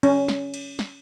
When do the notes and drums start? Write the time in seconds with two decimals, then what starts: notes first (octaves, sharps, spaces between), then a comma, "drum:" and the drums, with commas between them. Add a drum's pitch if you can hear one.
0.03 C#4, drum: cymbal
0.28 drum: snare
0.54 drum: cymbal
0.79 drum: snare